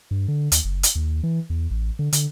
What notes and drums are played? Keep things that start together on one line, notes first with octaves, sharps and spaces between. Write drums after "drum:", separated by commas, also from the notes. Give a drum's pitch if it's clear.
G2
D3
D#2, drum: hi-hat
F#1
drum: hi-hat
D#2
E3
E2
A1
D3
D3, drum: hi-hat